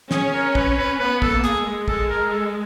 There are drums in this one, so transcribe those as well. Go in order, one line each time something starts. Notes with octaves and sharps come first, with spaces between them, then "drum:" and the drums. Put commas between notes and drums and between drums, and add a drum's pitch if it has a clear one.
C#4 G#4, drum: snare
A#4
B4, drum: kick
B4
B3 B4
A4, drum: kick
A#3
G#4, drum: hi-hat
G#3
G#3 A4, drum: kick
A#4
A4